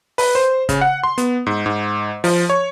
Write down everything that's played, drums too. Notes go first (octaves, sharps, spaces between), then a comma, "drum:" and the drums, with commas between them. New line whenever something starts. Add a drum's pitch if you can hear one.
B4, drum: open hi-hat
C5
C#3, drum: kick, hi-hat
F#5
C6
B3, drum: hi-hat
G#2
G#2
F3, drum: open hi-hat
C#5